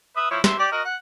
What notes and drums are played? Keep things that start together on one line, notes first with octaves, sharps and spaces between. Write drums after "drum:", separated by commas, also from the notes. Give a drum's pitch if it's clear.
B4 E5 D#6
F3 E4 C#5
E5 C6, drum: snare
G4 D5
F#4 A#4 D#5
F#5